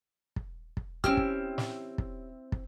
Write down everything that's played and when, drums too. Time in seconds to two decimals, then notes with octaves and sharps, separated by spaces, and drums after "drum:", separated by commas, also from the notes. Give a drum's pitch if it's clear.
0.36 drum: kick
0.77 drum: kick
1.04 C4 C#4 E4 G4 F6, drum: kick
1.17 drum: kick
1.58 drum: snare
1.98 drum: kick
2.52 drum: kick